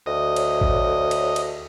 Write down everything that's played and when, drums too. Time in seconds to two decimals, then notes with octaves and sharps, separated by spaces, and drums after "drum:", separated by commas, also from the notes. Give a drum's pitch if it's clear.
0.06 D2 D#5
0.36 C#5, drum: cymbal
0.61 drum: kick A1
1.11 drum: cymbal
1.36 drum: cymbal